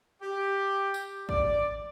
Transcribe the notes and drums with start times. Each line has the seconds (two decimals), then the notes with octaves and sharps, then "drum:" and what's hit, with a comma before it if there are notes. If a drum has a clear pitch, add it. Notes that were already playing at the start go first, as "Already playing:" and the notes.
0.22 G4
0.94 drum: tambourine
1.29 D5, drum: kick A1